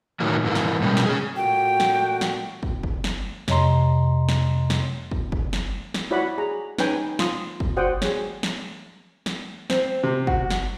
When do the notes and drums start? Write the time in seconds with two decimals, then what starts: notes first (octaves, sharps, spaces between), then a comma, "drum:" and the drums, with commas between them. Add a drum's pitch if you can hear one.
0.20 A2 D#3 E3 F#3 A#3
0.44 G#2 E3 A#3
0.55 drum: snare
0.82 B2 G3 G#3 A#3 C#4
0.97 drum: snare
1.06 C#4 G#4
1.36 A#2 A3 F#4 G5
1.80 drum: snare
2.21 drum: snare
2.63 drum: kick
2.83 drum: kick
3.04 drum: snare
3.48 F2 C3 C#5 D#5 A#5 C6, drum: snare
4.29 drum: snare
4.70 drum: snare
5.11 drum: kick
5.32 drum: kick
5.53 drum: snare
5.94 drum: snare
6.11 E4 F#4 C#5 D5 F#5 B5
6.38 G#4 A#5
6.78 C#4 D#4 B4 C#5 G5 G#5, drum: snare
7.19 F4 C6 D#6, drum: snare
7.60 drum: kick
7.77 F#4 C5 D5 F#5 G5 D#6
8.02 G#4 C#5, drum: snare
8.43 drum: snare
9.26 drum: snare
9.70 C4, drum: snare
10.03 C3
10.27 F#4, drum: kick
10.50 drum: snare